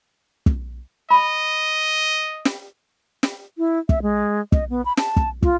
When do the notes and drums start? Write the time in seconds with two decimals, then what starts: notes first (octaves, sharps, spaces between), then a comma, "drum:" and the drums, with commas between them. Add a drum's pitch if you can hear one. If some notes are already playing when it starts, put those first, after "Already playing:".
0.46 drum: kick
1.10 D#5 B5
2.45 drum: snare
3.23 drum: snare
3.58 E4
3.89 E5, drum: kick
4.02 G#3
4.52 D#5, drum: kick
4.70 B3
4.85 B5
4.97 A5, drum: snare
5.16 drum: kick
5.43 F4, drum: kick